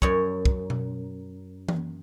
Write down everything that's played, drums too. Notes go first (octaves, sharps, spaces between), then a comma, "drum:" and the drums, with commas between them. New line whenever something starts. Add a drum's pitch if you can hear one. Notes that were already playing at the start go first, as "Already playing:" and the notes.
F#2 C#5, drum: kick
drum: kick
drum: tom B2
drum: tom E3